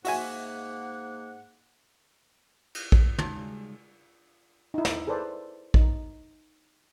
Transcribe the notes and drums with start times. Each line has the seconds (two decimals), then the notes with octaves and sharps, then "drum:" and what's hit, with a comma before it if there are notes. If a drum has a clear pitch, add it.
0.05 G#2 A#3 F#4 E5 F#5 G#5, drum: open hi-hat
2.75 drum: cymbal
2.92 drum: kick
3.18 C#3 G3 G#3 D#4 F#4, drum: tom
4.74 D#4 E4
4.85 drum: snare
5.07 G#4 A4 B4 C5 D5
5.74 D#4, drum: kick